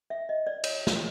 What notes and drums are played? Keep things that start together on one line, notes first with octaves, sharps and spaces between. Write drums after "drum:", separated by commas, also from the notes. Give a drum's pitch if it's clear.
E5
D#5
D5
C#5, drum: cymbal
drum: snare